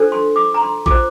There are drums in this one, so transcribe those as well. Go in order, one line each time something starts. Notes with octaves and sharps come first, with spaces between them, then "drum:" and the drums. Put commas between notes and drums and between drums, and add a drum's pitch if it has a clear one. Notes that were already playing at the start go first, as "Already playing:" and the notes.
Already playing: D4 F4 A4 C5
C6
D6
A#5
C6
F4 C5 D6, drum: kick A#1